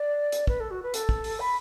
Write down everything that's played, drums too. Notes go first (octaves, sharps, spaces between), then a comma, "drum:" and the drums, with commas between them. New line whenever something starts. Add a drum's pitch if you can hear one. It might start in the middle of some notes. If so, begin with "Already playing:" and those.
Already playing: D5
drum: hi-hat
B4, drum: kick
A4
F#4
B4
A4, drum: hi-hat
drum: kick
drum: open hi-hat
B5